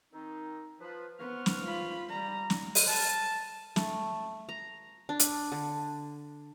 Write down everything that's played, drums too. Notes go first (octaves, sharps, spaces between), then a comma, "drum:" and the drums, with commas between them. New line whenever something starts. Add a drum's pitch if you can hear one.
D#3 C4 D#4
F3 B4
B3 C5 C#6 F6
drum: snare
F4 B5
G3 A#5
drum: snare
drum: open hi-hat
A5
A3, drum: snare
A#5
D4
drum: hi-hat
D3